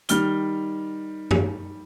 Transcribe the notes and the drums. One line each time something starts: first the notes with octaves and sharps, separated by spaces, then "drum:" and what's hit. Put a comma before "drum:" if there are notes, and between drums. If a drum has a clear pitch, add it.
D#3 G3 F6 G7, drum: hi-hat
drum: tom F#2